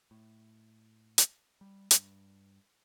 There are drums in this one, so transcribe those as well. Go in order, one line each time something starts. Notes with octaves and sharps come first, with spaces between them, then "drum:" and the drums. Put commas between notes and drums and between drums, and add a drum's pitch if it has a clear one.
A2
drum: hi-hat
G3
G2, drum: hi-hat